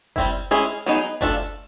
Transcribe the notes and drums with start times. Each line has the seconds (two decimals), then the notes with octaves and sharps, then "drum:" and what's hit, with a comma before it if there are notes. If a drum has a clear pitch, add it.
0.16 G3 C4 E4, drum: kick F#1
0.51 G#3 C#4 E4 G#4
0.86 F#3 B3 D#4 G#4
1.21 A3 D4 F4 A4, drum: kick F#1